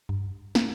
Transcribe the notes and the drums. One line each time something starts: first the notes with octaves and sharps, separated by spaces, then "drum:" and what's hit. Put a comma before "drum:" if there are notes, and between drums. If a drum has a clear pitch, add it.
G2
A#3, drum: snare